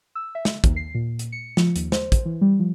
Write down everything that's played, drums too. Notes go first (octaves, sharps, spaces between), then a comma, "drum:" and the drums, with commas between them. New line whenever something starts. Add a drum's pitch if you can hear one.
E6
E5
drum: snare
D#2, drum: kick, hi-hat
C7
A#2
drum: hi-hat
C#7
F3, drum: snare
D#2, drum: hi-hat
C5, drum: snare
drum: kick, hi-hat
E3
G3
F3